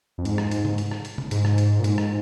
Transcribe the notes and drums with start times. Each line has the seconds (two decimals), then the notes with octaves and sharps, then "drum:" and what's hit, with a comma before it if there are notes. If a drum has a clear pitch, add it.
0.18 F2
0.25 G#2, drum: hi-hat
0.38 drum: rim click
0.51 drum: hi-hat
0.65 drum: tom C3
0.78 drum: hi-hat
0.91 drum: rim click
1.05 drum: hi-hat
1.18 drum: tom C3
1.31 G#2, drum: hi-hat
1.45 drum: rim click
1.58 drum: hi-hat
1.80 A#2
1.84 G#2, drum: hi-hat
1.98 drum: rim click